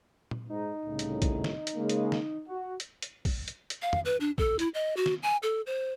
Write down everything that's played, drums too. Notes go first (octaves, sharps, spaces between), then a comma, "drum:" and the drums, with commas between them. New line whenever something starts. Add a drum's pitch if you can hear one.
drum: tom A#2
G#2 D#4
C2 A2 C#3
drum: hi-hat
drum: kick, hi-hat
drum: snare
drum: hi-hat
C#3 G#3 A#3
drum: hi-hat
drum: snare
F#4
drum: hi-hat
drum: hi-hat
drum: kick, open hi-hat
drum: hi-hat
drum: hi-hat
F5
drum: tom
B4
D4
A4, drum: kick
E4, drum: hi-hat
D#5
F#4
drum: snare
G#5
A4
C5